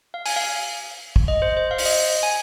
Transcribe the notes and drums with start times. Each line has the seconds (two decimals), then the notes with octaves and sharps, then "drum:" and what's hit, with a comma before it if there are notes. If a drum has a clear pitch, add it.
0.14 F5
0.26 G#5, drum: open hi-hat
0.36 F5
1.16 drum: kick
1.28 D#5
1.42 C5
1.57 C5
1.71 F5
1.78 C5, drum: open hi-hat
1.86 D#5
2.23 G#5